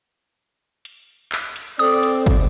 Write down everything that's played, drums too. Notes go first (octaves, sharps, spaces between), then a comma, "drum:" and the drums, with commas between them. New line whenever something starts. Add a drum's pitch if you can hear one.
drum: hi-hat
drum: clap
drum: hi-hat
C4 A4 D5 D#6, drum: hi-hat
drum: hi-hat
drum: kick, hi-hat